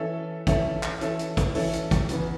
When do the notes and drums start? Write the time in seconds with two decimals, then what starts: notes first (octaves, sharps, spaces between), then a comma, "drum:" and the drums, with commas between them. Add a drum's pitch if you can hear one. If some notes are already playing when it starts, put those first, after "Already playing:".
Already playing: E3 C#4 A4 E5
0.47 E3 C#4 A4 E5, drum: kick, hi-hat
0.83 drum: clap
1.01 E3 C#4 A4 E5, drum: hi-hat
1.19 drum: hi-hat
1.37 drum: kick, hi-hat
1.55 E3 C#4 A4 E5, drum: open hi-hat
1.73 drum: hi-hat
1.91 drum: kick, hi-hat
2.09 E2 C#3 E3 B3, drum: hi-hat